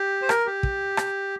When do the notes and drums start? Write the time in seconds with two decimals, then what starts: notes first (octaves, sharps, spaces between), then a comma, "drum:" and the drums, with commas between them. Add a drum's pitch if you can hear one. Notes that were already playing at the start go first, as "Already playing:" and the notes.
Already playing: G4
0.22 C5
0.29 A#4, drum: rim click
0.46 G4
0.63 drum: kick
0.97 drum: rim click